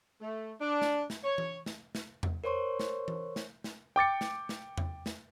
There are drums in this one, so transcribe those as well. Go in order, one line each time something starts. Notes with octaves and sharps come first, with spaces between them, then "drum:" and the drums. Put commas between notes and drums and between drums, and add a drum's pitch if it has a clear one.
A3
D4
drum: snare
drum: snare
C#5
drum: tom E3
drum: snare
drum: snare
drum: tom E2
A#4 C5 C#5 C6 C#6
drum: snare
drum: tom E3
drum: snare
drum: snare
G5 D6 A6 C#7
drum: snare
drum: snare
drum: tom E2
drum: snare